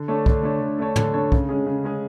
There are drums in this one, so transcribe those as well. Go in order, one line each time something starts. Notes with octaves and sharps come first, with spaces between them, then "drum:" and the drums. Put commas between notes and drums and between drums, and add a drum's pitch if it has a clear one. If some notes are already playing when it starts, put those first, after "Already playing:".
Already playing: D3
A3 D4 A4 C#5
D3, drum: kick
A3 D4 A4 C#5
D3
A3 D4 A4 C#5
D3, drum: tom
A3 D4 A4 C#5
C#3, drum: kick
G#3 C#4 G#4
C#3
G#3 C#4 G#4